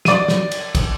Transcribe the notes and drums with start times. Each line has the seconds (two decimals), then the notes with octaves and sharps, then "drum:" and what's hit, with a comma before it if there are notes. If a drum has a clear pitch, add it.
0.05 D5 D#7, drum: snare
0.28 drum: snare
0.52 drum: cymbal
0.75 drum: kick, cymbal